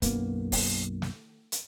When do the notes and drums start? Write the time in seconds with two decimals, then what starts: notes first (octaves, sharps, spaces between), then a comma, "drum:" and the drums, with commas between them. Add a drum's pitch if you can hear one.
0.02 B1 F#2 A#3 B3, drum: kick, hi-hat
0.52 drum: kick, open hi-hat
1.02 drum: snare
1.52 drum: hi-hat